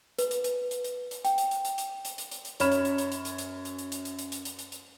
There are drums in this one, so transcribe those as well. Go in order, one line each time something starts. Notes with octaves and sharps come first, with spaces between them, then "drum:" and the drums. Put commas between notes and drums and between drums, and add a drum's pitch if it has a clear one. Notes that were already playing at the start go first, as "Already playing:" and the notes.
B4, drum: hi-hat
drum: hi-hat
drum: hi-hat
drum: hi-hat
drum: hi-hat
drum: hi-hat
G5, drum: hi-hat
drum: hi-hat
drum: hi-hat
drum: hi-hat
drum: hi-hat
drum: hi-hat
drum: hi-hat
drum: hi-hat
drum: hi-hat
F#2 C#5 B5 F6 E7, drum: hi-hat
drum: hi-hat
drum: hi-hat
drum: hi-hat
drum: hi-hat
drum: hi-hat
drum: hi-hat
drum: hi-hat
drum: hi-hat
drum: hi-hat
drum: hi-hat
drum: hi-hat
drum: hi-hat
drum: hi-hat
drum: hi-hat
drum: hi-hat